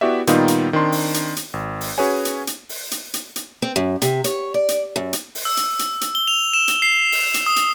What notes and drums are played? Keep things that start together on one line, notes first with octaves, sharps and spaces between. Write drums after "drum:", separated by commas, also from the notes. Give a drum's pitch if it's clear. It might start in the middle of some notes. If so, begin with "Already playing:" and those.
B3 E4 F#4 G4 D5 E5
A#2 D#3 G3 B3 D#4 F4, drum: hi-hat
drum: hi-hat
D#3 C4 D4 C6
drum: open hi-hat
drum: hi-hat
drum: hi-hat
G#1
drum: open hi-hat
C#4 F#4 G#4 B4 C#5 G#5
drum: hi-hat
drum: hi-hat
drum: open hi-hat
drum: hi-hat
drum: hi-hat
drum: hi-hat
C4
F#2
C3, drum: hi-hat
C#5, drum: hi-hat
D5
drum: hi-hat
F#2
drum: hi-hat
drum: open hi-hat
E6
drum: hi-hat
drum: hi-hat
drum: hi-hat
G7
F7
E7
drum: hi-hat
C7
drum: open hi-hat
drum: hi-hat
D#6
drum: hi-hat